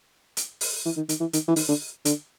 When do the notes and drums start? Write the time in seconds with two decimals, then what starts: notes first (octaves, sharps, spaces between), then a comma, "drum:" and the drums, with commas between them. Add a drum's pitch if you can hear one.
0.37 drum: hi-hat
0.61 drum: open hi-hat
0.85 E3
0.97 D#3
1.09 D#3, drum: hi-hat
1.20 E3
1.33 D#3, drum: hi-hat
1.48 E3
1.56 D#3, drum: open hi-hat
1.68 D3
2.05 D3, drum: hi-hat